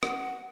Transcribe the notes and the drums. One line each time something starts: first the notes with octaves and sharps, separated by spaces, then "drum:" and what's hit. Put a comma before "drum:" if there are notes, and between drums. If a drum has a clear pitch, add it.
F#5, drum: rim click